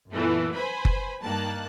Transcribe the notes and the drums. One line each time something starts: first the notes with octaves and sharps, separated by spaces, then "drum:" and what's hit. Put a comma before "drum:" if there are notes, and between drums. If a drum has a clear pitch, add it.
F#2 A#2 E3 A3 B3
B4 C5 G#5 B5
drum: kick F#1
G2 D#3 A#3 A5 F#6